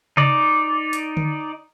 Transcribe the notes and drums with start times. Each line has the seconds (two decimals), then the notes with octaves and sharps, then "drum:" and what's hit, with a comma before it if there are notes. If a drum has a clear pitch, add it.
0.17 D#4 D5, drum: tom C3
0.93 drum: hi-hat
1.17 drum: tom D3